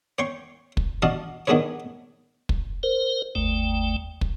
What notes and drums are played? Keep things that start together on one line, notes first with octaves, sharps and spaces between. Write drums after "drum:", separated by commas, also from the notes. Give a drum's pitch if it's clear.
C#5 G5 C6 C#6
drum: kick
D4 F#4 D#5 F5 A5
D#3 B3 D4 G#4 B4 C#5
drum: kick
A#4 C5
G1 D#2 A3 G5
drum: kick